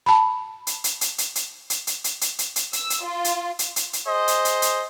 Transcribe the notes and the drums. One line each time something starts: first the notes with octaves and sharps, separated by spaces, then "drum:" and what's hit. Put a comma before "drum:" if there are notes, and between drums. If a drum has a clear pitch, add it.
A5 B5
drum: hi-hat
drum: hi-hat
drum: hi-hat
drum: hi-hat
drum: hi-hat
drum: hi-hat
drum: hi-hat
drum: hi-hat
drum: hi-hat
drum: hi-hat
drum: hi-hat
E6, drum: hi-hat
drum: hi-hat
F4
drum: hi-hat
drum: hi-hat
drum: hi-hat
drum: hi-hat
G#4 C5 D#5
drum: hi-hat
drum: hi-hat
drum: hi-hat